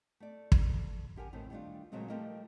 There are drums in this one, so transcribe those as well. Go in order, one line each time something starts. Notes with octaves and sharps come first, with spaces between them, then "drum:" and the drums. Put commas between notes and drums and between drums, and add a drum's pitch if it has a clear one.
A3 D5
drum: kick
D3 G4 A#4 G#5
A2 D#3 A3 C4
D#3 G3 A3 C#4 D4 F4
A#2 C#3 F#3 G#3 A3 C4
F3 G3 A3 G4 A#4 D#5